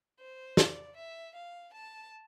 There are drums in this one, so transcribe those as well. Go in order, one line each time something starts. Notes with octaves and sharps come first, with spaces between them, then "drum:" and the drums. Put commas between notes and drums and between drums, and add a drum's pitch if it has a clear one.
C5
D5, drum: snare
E5
F5
A5